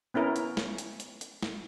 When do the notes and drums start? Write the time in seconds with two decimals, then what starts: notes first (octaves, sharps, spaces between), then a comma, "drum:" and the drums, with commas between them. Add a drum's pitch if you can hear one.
0.14 B3 C#4 E4 A#4
0.36 drum: hi-hat
0.57 drum: snare
0.78 drum: hi-hat
1.00 drum: hi-hat
1.21 drum: hi-hat
1.43 drum: snare